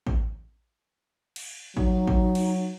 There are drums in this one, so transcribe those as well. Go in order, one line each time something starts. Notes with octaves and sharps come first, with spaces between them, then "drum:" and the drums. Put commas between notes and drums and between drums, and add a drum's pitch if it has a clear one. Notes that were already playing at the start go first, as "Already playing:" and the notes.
drum: kick A1
drum: cymbal
F#3 D#4, drum: kick A1
drum: kick A1
drum: cymbal